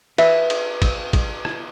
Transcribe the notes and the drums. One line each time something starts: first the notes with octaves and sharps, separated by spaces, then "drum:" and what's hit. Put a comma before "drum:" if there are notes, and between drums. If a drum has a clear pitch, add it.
B4 E5, drum: cymbal
drum: cymbal
drum: kick, cymbal
drum: kick, cymbal
drum: rim click